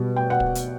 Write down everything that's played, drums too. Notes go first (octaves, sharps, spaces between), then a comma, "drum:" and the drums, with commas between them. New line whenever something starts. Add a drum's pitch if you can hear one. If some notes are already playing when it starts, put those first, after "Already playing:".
Already playing: B2 G3
G5
F#5
drum: kick
drum: hi-hat